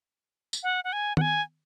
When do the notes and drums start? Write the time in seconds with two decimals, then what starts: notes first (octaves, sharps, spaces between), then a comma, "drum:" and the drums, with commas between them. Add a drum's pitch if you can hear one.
0.53 drum: tambourine
0.63 F#5
0.84 F#5
0.93 G#5
1.17 F#5, drum: tom D#3
1.21 G#5